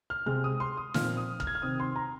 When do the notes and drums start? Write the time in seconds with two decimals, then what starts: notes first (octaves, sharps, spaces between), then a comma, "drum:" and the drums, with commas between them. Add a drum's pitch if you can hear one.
0.10 F6
0.26 C3 G#3 C4 F6
0.44 D#6
0.60 C6
0.77 D#6
0.94 A#2 F3 C4 F6, drum: snare
1.17 D#6
1.40 F6, drum: kick G1
1.47 G#6
1.55 F6
1.62 C3 D#3 C4 D#6
1.80 C6
1.96 A#5